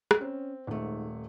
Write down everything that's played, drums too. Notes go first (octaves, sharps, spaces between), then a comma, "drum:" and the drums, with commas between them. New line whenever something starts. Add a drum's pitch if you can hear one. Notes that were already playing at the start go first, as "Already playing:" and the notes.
drum: rim click
C4 C#4
D#1 G#2 A3